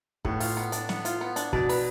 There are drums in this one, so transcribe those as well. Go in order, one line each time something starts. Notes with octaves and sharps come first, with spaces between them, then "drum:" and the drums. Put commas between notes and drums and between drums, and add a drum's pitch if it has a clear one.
A2 B3, drum: kick
F4, drum: open hi-hat
B3
D4, drum: hi-hat
B3, drum: snare
F4, drum: hi-hat
B3
D4, drum: hi-hat
B2 D5, drum: kick
B4, drum: open hi-hat